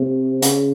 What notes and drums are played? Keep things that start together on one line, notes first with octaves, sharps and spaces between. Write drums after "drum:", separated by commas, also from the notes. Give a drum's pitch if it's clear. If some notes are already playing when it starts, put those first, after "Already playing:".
Already playing: C3
C#3, drum: hi-hat